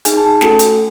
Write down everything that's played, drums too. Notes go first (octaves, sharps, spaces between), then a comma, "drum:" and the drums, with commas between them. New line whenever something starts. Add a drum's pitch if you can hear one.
D#4 G#4 G#5, drum: hi-hat
A5
G#5
A3 C#4 F#4 A4 G#5, drum: snare
drum: hi-hat